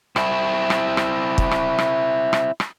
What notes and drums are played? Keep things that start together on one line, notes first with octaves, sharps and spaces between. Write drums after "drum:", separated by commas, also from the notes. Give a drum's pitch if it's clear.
C4 E4, drum: rim click
drum: rim click
drum: rim click
drum: kick
drum: rim click
drum: rim click
drum: rim click
drum: rim click